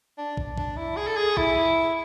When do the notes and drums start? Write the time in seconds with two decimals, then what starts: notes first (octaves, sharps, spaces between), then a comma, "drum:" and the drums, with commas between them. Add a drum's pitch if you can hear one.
0.18 D4
0.37 drum: kick
0.58 D4, drum: kick
0.76 E4
0.96 G#4
1.07 A4
1.16 G#4
1.37 E4, drum: kick